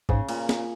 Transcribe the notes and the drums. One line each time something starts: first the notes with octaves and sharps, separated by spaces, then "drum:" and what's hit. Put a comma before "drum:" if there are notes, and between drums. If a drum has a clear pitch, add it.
G#2 C#3, drum: kick
A#2, drum: cymbal
drum: snare